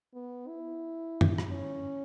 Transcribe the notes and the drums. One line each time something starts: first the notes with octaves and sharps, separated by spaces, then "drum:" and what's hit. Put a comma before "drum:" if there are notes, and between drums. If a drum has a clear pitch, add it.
B3
E4
drum: tom
drum: rim click
C#4